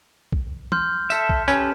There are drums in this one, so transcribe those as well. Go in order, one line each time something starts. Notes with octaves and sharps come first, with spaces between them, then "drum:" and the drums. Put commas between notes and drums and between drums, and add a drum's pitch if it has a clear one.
drum: kick
C6 F6 G6, drum: tom
A4 E5 B6 E7, drum: tambourine
drum: kick
C#4 G4 A4 B4, drum: tambourine